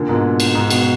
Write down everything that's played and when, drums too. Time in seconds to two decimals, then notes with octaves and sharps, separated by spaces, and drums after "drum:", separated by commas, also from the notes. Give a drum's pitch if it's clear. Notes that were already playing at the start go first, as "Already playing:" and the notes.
Already playing: A#2 D3
0.09 G#2 B2
0.40 drum: cymbal
0.55 G#2
0.70 G#2 B2, drum: cymbal